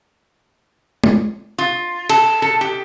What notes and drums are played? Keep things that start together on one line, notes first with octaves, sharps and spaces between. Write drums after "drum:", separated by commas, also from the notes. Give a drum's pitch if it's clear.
drum: tom G#3
F4
A4, drum: cymbal
A4
G4